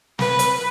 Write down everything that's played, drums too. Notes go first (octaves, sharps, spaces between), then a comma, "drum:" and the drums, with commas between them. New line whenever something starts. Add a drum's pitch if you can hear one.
B4, drum: snare
drum: hi-hat